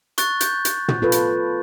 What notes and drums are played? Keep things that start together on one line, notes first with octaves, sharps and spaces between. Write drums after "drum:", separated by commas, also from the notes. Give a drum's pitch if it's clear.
C#6 F#6 A6, drum: hi-hat
G6, drum: hi-hat
drum: hi-hat
drum: tom
F4 A4 B4
drum: hi-hat